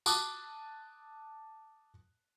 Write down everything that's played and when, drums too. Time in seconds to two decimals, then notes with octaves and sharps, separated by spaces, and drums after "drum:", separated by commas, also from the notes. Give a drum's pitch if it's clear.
0.06 A5 D6 D#6 F#6, drum: tambourine